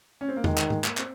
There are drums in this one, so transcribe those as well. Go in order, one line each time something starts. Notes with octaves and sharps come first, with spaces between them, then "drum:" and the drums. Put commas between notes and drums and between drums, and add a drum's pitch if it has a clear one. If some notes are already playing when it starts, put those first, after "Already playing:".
C#4
C4
A#3
D#3 G#3, drum: tom E2
drum: clap
G#3, drum: tom G#2
A#3, drum: clap
C4, drum: clap